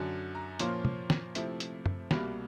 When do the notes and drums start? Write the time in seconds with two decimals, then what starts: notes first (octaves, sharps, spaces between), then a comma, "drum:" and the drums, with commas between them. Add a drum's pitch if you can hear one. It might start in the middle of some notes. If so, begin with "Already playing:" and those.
Already playing: F#2 D3 F#3
0.35 A#5
0.59 A#2 F3 A#3 C#4 F4 C6, drum: hi-hat
0.85 drum: tom
1.10 drum: snare
1.35 C3 F3 A3 C4 E4, drum: hi-hat
1.60 drum: hi-hat
1.86 drum: tom
2.11 C2 B2 G3 A#3 B5, drum: snare